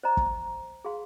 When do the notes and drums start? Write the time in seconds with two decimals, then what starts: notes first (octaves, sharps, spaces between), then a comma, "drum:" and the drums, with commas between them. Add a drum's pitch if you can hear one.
0.03 C5 D#5 A#5
0.17 drum: kick
0.85 G#4 F5 C6